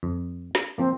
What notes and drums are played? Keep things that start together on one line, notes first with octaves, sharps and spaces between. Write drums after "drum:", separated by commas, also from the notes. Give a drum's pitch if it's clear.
F2
drum: snare
F3 A#3 C4